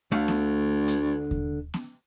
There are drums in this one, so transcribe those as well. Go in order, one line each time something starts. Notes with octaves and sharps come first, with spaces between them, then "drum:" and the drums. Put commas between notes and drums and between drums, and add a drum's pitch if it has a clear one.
D2 D3 A3 F5
drum: snare B3
drum: hi-hat
drum: kick D#2
drum: snare B3